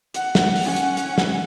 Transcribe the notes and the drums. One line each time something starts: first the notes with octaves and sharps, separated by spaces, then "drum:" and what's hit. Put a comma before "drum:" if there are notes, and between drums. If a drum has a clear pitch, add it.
F#5, drum: hi-hat
drum: snare
drum: open hi-hat
C#4 F#5
drum: hi-hat
drum: hi-hat
drum: snare